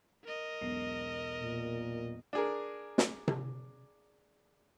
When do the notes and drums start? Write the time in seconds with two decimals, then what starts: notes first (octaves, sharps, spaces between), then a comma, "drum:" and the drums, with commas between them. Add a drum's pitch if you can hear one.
0.25 A#4 D#5
0.61 E1 B1 C7
1.42 A#2
2.33 D4 G#4 A#4
2.98 drum: snare
3.28 drum: tom C3